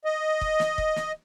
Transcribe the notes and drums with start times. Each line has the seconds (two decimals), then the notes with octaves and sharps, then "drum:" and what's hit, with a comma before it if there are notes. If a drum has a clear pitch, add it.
0.05 D#5
0.41 drum: kick
0.60 drum: snare
0.78 drum: kick
0.96 drum: snare